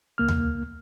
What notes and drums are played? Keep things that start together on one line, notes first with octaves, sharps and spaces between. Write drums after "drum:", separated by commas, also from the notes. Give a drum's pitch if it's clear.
C#2 A#3 F6
drum: tom D#2